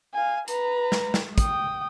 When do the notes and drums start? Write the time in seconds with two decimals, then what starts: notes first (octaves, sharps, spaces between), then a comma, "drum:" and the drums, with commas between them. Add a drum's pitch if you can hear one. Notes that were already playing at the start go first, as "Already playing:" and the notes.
0.14 F5 G#5
0.48 B4 A#5, drum: hi-hat
0.92 drum: snare
1.14 drum: snare
1.38 G5 D#6, drum: kick, hi-hat